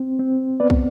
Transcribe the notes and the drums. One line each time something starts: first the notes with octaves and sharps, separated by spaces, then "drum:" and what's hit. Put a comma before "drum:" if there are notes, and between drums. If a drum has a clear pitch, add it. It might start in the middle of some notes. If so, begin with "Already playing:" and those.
Already playing: C4
C4
B3 B4 D5
drum: kick